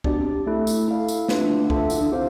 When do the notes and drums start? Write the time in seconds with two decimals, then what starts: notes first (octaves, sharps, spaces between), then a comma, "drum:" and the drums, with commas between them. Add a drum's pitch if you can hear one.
0.04 B2 D4 G4 D5, drum: kick
0.19 C3
0.46 A3 E4 A4
0.67 drum: tambourine
0.88 E4 A4 D5 F5
1.08 drum: tambourine
1.28 D3 A3 D4 F4 B4, drum: snare
1.37 C3
1.45 D3
1.70 F4 A4 E5 A5, drum: kick
1.90 E3, drum: tambourine
2.00 D3
2.12 C3 G4 C5 F5